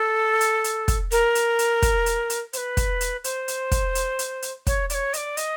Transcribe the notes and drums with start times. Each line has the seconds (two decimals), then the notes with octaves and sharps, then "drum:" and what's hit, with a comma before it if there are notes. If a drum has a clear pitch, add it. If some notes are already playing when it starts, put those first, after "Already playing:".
Already playing: A4
0.41 drum: hi-hat
0.64 drum: hi-hat
0.88 drum: kick, hi-hat
1.11 A#4, drum: hi-hat
1.35 drum: hi-hat
1.59 drum: hi-hat
1.82 drum: kick, hi-hat
2.06 drum: hi-hat
2.30 drum: hi-hat
2.53 C5, drum: hi-hat
2.58 B4
2.77 drum: kick, hi-hat
3.01 drum: hi-hat
3.24 C5, drum: hi-hat
3.48 drum: hi-hat
3.72 drum: kick, hi-hat
3.95 drum: hi-hat
4.19 drum: hi-hat
4.42 drum: hi-hat
4.67 C#5, drum: kick, hi-hat
4.90 D5, drum: hi-hat
4.94 C#5
5.13 D#5, drum: hi-hat
5.17 D5
5.37 D#5, drum: hi-hat